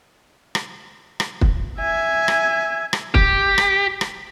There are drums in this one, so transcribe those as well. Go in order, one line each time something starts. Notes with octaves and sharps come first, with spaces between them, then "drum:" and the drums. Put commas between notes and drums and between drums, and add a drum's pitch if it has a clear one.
drum: rim click
drum: rim click
drum: kick
E5 G#5
drum: rim click
drum: rim click
G4, drum: kick
drum: rim click
drum: rim click